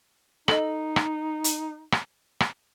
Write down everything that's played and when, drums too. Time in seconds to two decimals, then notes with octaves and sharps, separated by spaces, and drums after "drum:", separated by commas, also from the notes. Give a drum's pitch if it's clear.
0.48 D#4 A4 D#5, drum: rim click
0.96 drum: rim click
1.44 drum: hi-hat
1.92 drum: rim click
2.40 drum: rim click